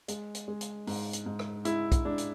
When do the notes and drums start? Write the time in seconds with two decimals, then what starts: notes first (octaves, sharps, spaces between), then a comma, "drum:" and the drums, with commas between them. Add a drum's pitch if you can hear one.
0.08 G#3, drum: hi-hat
0.35 drum: hi-hat
0.48 G#3
0.61 drum: hi-hat
0.87 G#2, drum: open hi-hat
1.13 drum: hi-hat
1.26 G#2
1.39 drum: rim click
1.65 G#3 E4, drum: hi-hat
1.92 drum: kick B1, hi-hat
2.05 G#3 D4
2.18 drum: hi-hat